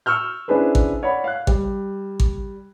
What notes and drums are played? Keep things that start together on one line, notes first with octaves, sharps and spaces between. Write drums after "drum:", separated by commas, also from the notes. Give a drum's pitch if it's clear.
C#6 E6 F6 G6
C#4 D4 E4 G#4 B4 C5
drum: kick G#1
C#5 D5 F#5 B5
F5 F#6
G3, drum: kick G#1
drum: kick G#1